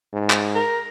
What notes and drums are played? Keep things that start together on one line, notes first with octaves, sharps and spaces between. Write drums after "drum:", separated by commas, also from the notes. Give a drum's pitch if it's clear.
G#2
drum: clap
A#4